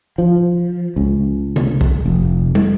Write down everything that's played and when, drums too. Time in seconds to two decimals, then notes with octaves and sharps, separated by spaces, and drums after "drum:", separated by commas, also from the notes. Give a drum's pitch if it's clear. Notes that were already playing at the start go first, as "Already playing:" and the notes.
0.18 F3
0.96 C#2
1.56 drum: tom C3
1.81 drum: kick
2.06 F1
2.55 drum: tom